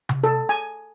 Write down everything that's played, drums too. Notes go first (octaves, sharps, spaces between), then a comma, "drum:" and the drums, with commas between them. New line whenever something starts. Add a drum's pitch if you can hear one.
drum: tom C3
A4
G#5